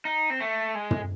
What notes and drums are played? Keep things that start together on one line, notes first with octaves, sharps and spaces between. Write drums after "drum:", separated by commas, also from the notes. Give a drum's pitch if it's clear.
D#4
C4
A3
G#3
drum: tom